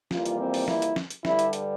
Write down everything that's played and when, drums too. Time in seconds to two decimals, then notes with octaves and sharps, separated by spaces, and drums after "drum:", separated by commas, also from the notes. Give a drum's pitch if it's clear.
0.11 F2 E3 G3 A#3 F4, drum: snare
0.26 drum: hi-hat
0.40 C4
0.54 drum: open hi-hat
0.68 E4, drum: snare
0.82 drum: hi-hat
0.96 drum: snare
1.10 drum: hi-hat
1.25 G2 D3 G3 E4, drum: snare
1.39 drum: hi-hat
1.53 drum: hi-hat